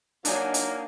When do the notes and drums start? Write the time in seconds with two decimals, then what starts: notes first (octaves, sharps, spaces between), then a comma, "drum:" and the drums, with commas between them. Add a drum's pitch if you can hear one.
0.25 F#3 A#3 D4 D#4 G#5, drum: hi-hat
0.54 drum: hi-hat